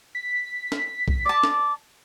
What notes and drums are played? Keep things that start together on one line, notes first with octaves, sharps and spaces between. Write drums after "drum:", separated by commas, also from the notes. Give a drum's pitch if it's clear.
B6
drum: snare
drum: kick B1
D5 A5 D6
drum: snare